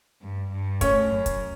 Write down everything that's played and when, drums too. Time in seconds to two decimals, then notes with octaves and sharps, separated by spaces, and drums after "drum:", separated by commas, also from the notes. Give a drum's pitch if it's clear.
0.22 G2
0.52 G2
0.81 A2 C#4 C#5, drum: kick, hi-hat
1.11 F#2
1.26 drum: kick, hi-hat